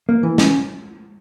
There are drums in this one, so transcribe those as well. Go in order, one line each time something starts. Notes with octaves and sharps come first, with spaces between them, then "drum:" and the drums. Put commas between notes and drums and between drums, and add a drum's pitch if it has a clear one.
A#3
E3
C#4, drum: snare